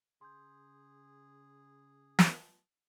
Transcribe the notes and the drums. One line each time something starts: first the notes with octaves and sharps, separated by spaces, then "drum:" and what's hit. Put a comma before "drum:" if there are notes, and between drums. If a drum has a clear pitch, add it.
C#3 G#4 C6 G6
drum: snare